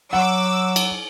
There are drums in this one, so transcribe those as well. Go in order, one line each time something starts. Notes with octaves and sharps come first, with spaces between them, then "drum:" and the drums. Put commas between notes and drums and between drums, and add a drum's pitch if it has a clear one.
F#3 F#5 D6 E6
drum: cymbal